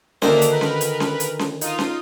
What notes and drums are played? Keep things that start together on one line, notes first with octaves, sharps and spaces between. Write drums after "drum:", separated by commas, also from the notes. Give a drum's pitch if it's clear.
D2 D#3 A#3 D4 C5 E5, drum: snare C#4
drum: hi-hat
A#4 B4
drum: snare C#4
drum: hi-hat
drum: snare C#4
drum: hi-hat
drum: snare C#4
D#4 F4 D#6, drum: hi-hat
drum: snare C#4